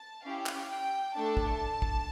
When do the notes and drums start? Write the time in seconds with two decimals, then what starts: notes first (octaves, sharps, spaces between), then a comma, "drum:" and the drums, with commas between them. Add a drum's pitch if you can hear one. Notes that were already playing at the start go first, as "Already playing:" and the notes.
Already playing: A5
0.24 C#4 E4 G4 F5
0.46 drum: clap
0.69 G5
1.14 A3 D4 A4 A5
1.37 drum: kick
1.82 drum: kick